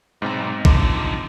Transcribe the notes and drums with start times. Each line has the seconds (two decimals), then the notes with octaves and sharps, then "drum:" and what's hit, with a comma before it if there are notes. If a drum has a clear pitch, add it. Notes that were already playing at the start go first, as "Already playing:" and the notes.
0.22 B1 G#2 C4 A#5
0.65 D3 F3, drum: kick